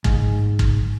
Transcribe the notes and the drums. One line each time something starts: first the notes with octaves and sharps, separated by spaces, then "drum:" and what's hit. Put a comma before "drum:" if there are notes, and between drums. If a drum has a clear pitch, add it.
G#2, drum: kick
drum: kick